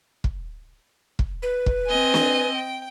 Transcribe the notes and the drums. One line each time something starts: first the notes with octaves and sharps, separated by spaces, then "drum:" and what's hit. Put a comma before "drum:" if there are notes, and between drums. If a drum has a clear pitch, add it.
drum: kick
drum: kick
B4
drum: kick
C4 D#5 G#5
drum: snare
G5